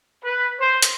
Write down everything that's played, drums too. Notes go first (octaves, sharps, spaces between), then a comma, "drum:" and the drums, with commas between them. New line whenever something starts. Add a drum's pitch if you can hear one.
B4
C5
drum: hi-hat